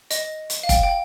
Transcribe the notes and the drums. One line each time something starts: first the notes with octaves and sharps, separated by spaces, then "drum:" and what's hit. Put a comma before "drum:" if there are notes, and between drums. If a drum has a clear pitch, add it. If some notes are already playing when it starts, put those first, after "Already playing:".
D#5, drum: hi-hat
drum: hi-hat
F5
G5, drum: kick F1, hi-hat
G5